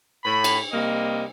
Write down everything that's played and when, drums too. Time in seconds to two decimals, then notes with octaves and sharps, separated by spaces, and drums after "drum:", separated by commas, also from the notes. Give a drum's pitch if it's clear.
0.24 A2 B5
0.44 drum: cymbal
0.72 C3 G3 A#3 D#5